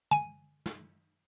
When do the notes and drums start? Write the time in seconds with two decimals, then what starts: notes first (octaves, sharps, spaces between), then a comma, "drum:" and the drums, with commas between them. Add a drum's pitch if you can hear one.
0.11 G#5 D#7, drum: tom
0.66 drum: snare